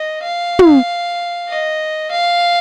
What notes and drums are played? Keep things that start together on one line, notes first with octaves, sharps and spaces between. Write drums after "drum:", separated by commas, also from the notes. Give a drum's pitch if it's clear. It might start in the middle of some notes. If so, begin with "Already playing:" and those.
Already playing: D#5
F5
drum: tom
D#5
F5